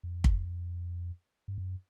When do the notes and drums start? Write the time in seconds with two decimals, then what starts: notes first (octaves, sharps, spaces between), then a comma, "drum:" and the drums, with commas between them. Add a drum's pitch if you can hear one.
0.03 F2
0.24 drum: kick
1.48 G2
1.58 F#2